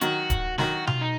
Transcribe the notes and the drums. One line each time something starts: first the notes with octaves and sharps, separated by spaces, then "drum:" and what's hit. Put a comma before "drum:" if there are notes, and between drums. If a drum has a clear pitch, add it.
D#3 F#3 F#4, drum: hi-hat
drum: kick D1, hi-hat
D#3 F#3 F#4, drum: snare
F4, drum: tom B2
D#4